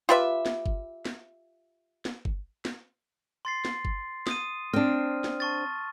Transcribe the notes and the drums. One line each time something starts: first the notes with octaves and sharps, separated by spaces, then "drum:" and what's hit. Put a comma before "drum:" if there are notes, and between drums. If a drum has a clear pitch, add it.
F4 G4 B4 E5
drum: snare
drum: kick
drum: snare
drum: snare
drum: kick
drum: snare
C6 A6 C7
drum: snare
drum: kick
D#6 D#7, drum: snare
C4 D4 F6
drum: snare
A5 C#6 A6